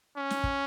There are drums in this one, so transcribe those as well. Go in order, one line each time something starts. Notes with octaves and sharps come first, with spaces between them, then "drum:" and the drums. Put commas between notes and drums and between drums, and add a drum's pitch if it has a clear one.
C#4
drum: snare
drum: kick